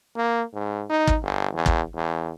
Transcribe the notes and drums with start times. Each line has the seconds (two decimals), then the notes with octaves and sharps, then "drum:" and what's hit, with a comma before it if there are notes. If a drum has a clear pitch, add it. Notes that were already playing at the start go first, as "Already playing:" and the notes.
0.16 A#3
0.53 G#2
0.89 D#4
1.07 drum: kick
1.22 G1
1.54 E2
1.66 drum: kick
1.95 E2